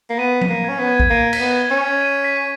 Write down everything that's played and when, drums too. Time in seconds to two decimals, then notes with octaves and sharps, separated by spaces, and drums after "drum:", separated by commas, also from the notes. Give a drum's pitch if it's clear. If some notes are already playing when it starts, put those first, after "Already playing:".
0.10 A#3
0.18 B3 D#7
0.41 B6, drum: tom F3
0.49 A#3
0.64 C#4 G#6
0.79 B3
0.87 G#6
1.00 drum: kick
1.10 A#3 D#7
1.33 B6, drum: cymbal
1.40 B3
1.56 G#6
1.71 C#4
1.78 G#6
2.01 D#7
2.24 B6